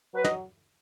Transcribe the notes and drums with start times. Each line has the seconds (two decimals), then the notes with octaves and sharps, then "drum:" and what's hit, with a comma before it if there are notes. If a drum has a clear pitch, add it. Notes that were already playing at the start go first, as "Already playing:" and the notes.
0.14 F#3 B4
0.24 D#5, drum: snare